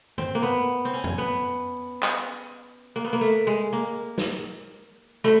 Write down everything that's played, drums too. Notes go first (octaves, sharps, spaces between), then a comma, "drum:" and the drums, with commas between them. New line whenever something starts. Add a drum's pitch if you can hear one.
C4, drum: tom G2
A#3
B3
C4
C#4
drum: tom F2
B3
drum: clap
A#3
B3
A#3
A3
G#3
A#3
drum: snare
A3, drum: rim click